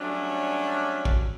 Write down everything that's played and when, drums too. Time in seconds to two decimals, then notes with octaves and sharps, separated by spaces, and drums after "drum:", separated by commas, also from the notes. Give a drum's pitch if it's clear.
0.01 F#3 G3 A3 C#4 D4
1.05 drum: kick